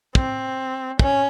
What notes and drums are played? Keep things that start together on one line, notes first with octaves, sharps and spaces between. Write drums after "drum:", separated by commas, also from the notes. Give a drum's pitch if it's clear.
C4, drum: kick
C#4, drum: kick